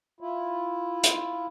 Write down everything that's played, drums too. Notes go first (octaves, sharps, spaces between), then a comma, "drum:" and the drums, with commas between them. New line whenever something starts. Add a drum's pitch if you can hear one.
E4 F4
drum: hi-hat